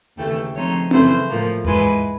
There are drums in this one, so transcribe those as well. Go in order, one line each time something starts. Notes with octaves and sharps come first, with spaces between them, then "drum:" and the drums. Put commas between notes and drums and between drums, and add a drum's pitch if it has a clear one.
D#2 C#3 E3 A3 G5
C#3 F3 A3 C4 D#4 C#5
F#2 C#3 E3 A3 C5, drum: tom C4
A2 F3 A#3
G#2 E3 G#3 B4, drum: tom D#2